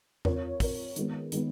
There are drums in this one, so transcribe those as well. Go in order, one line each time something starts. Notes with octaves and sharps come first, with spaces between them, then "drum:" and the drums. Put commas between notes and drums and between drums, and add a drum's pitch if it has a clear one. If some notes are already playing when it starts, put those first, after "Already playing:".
C4 F4 A#4 C#5, drum: tom E2
C4 F4 A#4 C#5, drum: kick, open hi-hat
D#3 G#3 B3, drum: hi-hat
D#3 G#3 B3, drum: hi-hat